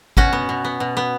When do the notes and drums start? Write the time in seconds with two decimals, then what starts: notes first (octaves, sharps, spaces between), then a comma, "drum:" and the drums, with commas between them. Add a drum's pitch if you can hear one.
0.17 B2 C#4 F#4, drum: kick
0.33 B3
0.49 B2
0.65 B3
0.80 B2
0.97 B3